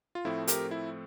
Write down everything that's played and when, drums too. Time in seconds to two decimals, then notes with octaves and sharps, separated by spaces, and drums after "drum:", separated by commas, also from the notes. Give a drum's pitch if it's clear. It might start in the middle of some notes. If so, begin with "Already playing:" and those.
0.15 F4
0.25 A2 F3 A3 C4 E4
0.48 G4 A#4, drum: hi-hat
0.71 E4